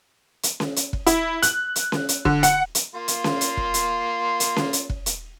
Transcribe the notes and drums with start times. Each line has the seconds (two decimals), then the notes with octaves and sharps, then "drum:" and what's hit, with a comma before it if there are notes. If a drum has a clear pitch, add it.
0.43 drum: hi-hat
0.60 drum: snare C#4
0.76 drum: hi-hat
0.93 drum: kick F1
1.07 E4, drum: hi-hat
1.43 F#6, drum: hi-hat
1.76 drum: hi-hat
1.92 drum: snare C#4
2.09 drum: hi-hat
2.25 D3, drum: kick F1
2.43 F#5, drum: hi-hat
2.75 drum: hi-hat
2.95 A#3 F4 C6
3.08 drum: hi-hat
3.24 drum: snare C#4
3.41 drum: hi-hat
3.57 drum: kick F1
3.74 drum: hi-hat
4.40 drum: hi-hat
4.56 drum: snare C#4
4.73 drum: hi-hat
4.89 drum: kick F1
5.06 drum: hi-hat